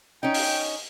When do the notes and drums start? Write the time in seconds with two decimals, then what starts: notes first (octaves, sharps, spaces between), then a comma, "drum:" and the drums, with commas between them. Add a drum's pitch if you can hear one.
0.23 C#4 D#4 G5
0.34 drum: open hi-hat